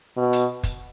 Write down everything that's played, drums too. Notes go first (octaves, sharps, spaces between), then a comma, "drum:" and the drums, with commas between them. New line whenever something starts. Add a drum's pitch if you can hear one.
B2
drum: hi-hat
drum: kick, hi-hat